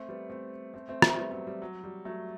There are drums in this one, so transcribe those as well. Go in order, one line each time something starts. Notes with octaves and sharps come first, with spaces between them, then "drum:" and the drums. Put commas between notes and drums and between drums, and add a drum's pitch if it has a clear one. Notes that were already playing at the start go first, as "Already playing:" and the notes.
Already playing: A3 C4
G3 B3
A3 C4
A3 C4
A3 C4
A3 C4, drum: rim click
G3 B3
F#3 A3
G3
F#3
G3
F#3 A3